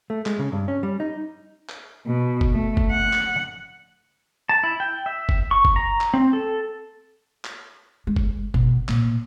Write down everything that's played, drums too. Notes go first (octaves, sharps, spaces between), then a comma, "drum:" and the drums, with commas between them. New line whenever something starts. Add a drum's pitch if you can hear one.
A3
G#3, drum: clap
C#3
G2
C#4
G3
D#4
drum: clap
B2
drum: kick
A3
drum: kick
F#5
drum: clap
A5
E4
G5
E5
drum: kick
C#6
drum: kick
A#5
drum: clap
C4
A4
drum: clap
G#3
drum: kick
B2, drum: kick
A#2, drum: clap